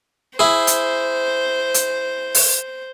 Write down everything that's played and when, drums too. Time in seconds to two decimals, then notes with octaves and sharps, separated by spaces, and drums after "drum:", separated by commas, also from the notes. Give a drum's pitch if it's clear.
0.39 E4 G#4 C5
0.67 drum: hi-hat
1.74 drum: hi-hat
2.35 drum: open hi-hat